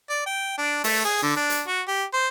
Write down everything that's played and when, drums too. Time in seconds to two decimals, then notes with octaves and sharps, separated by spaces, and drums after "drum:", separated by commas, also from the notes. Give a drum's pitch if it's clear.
0.09 D5
0.26 G5
0.58 D4
0.84 A3, drum: open hi-hat
1.05 G#4
1.23 D3
1.36 D4
1.50 drum: hi-hat
1.67 F#4
1.88 G4
2.14 C5